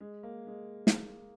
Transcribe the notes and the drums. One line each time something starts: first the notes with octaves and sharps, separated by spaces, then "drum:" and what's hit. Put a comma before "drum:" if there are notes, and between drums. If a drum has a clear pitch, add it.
G#3
A#3
G#3
drum: snare